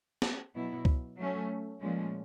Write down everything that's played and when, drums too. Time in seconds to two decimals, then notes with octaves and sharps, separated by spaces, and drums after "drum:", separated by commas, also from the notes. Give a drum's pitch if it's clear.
0.22 drum: snare
0.54 B2 F#3 B3 E4
0.85 drum: kick C#2
1.16 F#3 A3 C#4
1.80 A#2 F3 G#3 C#4